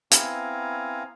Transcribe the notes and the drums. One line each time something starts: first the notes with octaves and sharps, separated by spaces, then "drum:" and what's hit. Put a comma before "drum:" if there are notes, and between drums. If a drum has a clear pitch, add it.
B3 C4 E4 F5 G#5 A#5, drum: hi-hat